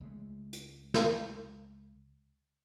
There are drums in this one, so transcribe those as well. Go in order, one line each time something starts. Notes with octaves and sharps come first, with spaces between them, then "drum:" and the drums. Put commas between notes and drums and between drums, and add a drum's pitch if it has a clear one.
C#2 G#3 A3
drum: hi-hat
drum: snare